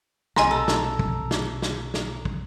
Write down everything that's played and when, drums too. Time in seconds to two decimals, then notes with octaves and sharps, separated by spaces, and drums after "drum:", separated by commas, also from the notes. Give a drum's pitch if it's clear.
0.36 B1 C3 D#5 G#5 A#5 C6, drum: snare
0.51 A4
0.68 drum: snare
0.99 drum: kick
1.31 drum: snare
1.62 drum: snare
1.94 drum: snare
2.25 drum: kick